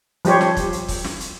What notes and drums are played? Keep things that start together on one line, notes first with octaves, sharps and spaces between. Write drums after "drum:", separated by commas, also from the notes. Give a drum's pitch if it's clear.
F3 G3 G4 C5 C#5, drum: hi-hat
drum: snare
drum: kick, hi-hat
drum: hi-hat
drum: kick, open hi-hat
drum: snare
drum: hi-hat